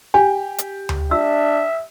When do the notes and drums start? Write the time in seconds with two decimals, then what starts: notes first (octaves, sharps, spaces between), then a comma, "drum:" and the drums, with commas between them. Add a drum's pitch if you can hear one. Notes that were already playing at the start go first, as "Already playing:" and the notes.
0.14 G4 G#5
0.58 drum: hi-hat
0.89 drum: tom D2
1.11 D4 E5 E6